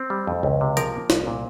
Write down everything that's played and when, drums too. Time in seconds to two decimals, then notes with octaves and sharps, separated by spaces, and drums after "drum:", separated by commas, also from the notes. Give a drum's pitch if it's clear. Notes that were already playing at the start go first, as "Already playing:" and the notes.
Already playing: C4
0.10 G3
0.27 F2
0.43 C#2
0.61 C3
0.77 F3 A#4, drum: hi-hat
0.94 A#3
1.10 C2, drum: snare
1.27 A#2